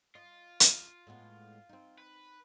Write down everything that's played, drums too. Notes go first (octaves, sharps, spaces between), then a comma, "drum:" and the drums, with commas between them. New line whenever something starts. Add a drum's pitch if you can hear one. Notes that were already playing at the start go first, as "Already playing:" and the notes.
F4 D#5
drum: hi-hat
A2 G#3 B3
C4 D#4
B4